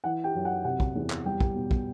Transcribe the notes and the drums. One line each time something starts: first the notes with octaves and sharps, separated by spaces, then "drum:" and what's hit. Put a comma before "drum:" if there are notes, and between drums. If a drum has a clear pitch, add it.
E3 F#5
G4 G5
F#2
F#5
C3 F#5
drum: kick
E2
drum: clap
G3 G4 G5
drum: kick
B2
drum: kick